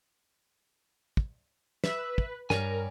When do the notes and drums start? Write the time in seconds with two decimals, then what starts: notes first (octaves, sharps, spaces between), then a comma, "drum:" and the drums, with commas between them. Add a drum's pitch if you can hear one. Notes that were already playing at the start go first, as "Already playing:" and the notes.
1.17 drum: kick
1.84 B4 E5, drum: snare
2.18 drum: kick
2.50 G2 A#4 C#5 D5 G#5, drum: snare